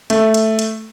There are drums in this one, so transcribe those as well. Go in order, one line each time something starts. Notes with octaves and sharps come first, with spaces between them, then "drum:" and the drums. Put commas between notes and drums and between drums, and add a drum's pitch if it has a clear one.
A3, drum: hi-hat
drum: hi-hat
drum: hi-hat